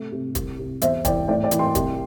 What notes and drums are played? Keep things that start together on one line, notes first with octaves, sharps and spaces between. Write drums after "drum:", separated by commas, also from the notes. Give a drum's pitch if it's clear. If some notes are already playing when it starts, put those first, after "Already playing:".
Already playing: C3 A3
C3
C2, drum: kick, hi-hat
C3
E2 C5 E5, drum: hi-hat
E3 D5 G5, drum: kick, hi-hat
A2 D5 G5
D5 G5
E3, drum: hi-hat
G5 C6
C2, drum: kick, hi-hat